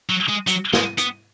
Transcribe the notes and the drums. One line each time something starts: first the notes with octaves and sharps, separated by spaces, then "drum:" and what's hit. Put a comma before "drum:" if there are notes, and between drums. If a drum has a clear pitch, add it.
F#3
G#3
F#3, drum: hi-hat
G#3, drum: snare
B3, drum: hi-hat